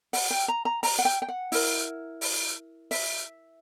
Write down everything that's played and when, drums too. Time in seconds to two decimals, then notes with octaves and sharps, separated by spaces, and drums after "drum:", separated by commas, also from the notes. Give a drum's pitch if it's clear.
0.13 F#5, drum: open hi-hat
0.31 G5
0.48 A#5
0.65 A#5
0.83 A#5, drum: open hi-hat
0.99 F#5
1.05 G5
1.22 G5
1.28 F#5
1.52 E4 A#4, drum: open hi-hat
2.21 drum: open hi-hat
2.91 E5, drum: open hi-hat